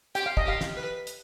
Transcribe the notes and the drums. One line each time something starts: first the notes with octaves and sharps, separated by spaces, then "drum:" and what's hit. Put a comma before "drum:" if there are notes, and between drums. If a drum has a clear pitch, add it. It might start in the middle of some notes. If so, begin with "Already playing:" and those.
G4 G5, drum: hi-hat
F5
D#5, drum: kick
G4 F5
drum: snare
B4
drum: hi-hat